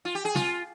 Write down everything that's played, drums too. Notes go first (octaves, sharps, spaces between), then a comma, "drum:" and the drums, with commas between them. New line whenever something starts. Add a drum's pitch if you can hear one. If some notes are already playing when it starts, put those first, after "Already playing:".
F4
G4
G#4
F4, drum: snare